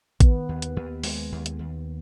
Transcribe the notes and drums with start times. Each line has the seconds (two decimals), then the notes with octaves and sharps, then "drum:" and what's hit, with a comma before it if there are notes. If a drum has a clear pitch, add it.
0.20 D#3 B3, drum: kick, hi-hat
0.49 D#2
0.62 drum: hi-hat
0.76 D#2
1.03 G#3, drum: open hi-hat
1.32 D#2
1.46 drum: hi-hat
1.59 D#2